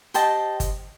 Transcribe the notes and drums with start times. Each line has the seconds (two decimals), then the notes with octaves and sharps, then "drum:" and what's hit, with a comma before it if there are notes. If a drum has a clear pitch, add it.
0.14 G4 C5 D#5 G5 A5, drum: hi-hat
0.60 drum: kick G1, hi-hat